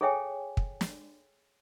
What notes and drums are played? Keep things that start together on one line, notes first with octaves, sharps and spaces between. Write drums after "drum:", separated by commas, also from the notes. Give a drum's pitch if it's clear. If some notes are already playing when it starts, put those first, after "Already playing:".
G#4 A4 C#5 E5 G5 G#5
drum: kick
drum: snare